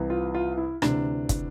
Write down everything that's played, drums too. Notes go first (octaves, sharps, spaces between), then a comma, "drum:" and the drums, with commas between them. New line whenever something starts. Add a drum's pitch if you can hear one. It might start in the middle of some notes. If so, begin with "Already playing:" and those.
Already playing: C2 C3 E3
F4
F4
E4
D2 C3 E3 D4, drum: rim click
drum: kick, hi-hat